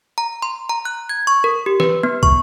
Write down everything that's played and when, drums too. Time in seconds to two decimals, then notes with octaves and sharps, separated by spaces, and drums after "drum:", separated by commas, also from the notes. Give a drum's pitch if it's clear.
0.18 A#5
0.42 C6
0.69 A#5
0.85 F#6
1.09 G#6
1.27 C#6
1.44 A#4
1.66 G4
1.80 B4, drum: snare
2.03 B3
2.23 C#6, drum: kick